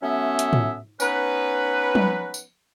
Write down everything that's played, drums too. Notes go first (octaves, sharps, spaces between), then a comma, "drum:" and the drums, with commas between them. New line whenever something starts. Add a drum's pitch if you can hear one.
F#3 A3 B3 C#4 E5
drum: hi-hat
drum: tom
B3 C#4 D#4 B4, drum: tambourine
drum: tom
drum: tambourine